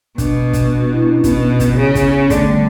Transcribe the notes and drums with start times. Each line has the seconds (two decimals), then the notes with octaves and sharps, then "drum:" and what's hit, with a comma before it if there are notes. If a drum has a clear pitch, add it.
0.18 B2 D4, drum: kick, hi-hat
0.53 drum: kick, hi-hat
0.82 F#4
0.92 E4
1.03 D4
1.13 C#4
1.24 B2 B3, drum: kick, hi-hat
1.60 drum: kick, hi-hat
1.78 C#3
1.95 drum: kick, hi-hat
2.23 B3
2.30 D3 A3, drum: kick, hi-hat
2.49 G3